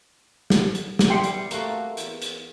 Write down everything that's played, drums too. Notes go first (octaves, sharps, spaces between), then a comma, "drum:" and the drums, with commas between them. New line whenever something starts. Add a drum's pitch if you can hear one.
drum: snare
drum: hi-hat
drum: snare
E2 G3 G4 E5 G5 C6 C7 C#7
drum: hi-hat
C3 A3 A#3 F#4, drum: hi-hat
E2, drum: hi-hat
drum: hi-hat